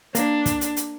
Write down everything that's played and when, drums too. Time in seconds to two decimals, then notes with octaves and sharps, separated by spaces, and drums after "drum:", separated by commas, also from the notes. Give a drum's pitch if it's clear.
0.15 A#3 D4, drum: hi-hat
0.46 drum: kick, hi-hat
0.61 drum: hi-hat
0.76 drum: hi-hat